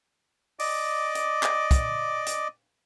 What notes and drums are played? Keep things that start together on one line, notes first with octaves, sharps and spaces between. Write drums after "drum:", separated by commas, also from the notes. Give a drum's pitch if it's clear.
D5 D#5 D6, drum: open hi-hat
drum: hi-hat
drum: clap
drum: kick, hi-hat
drum: hi-hat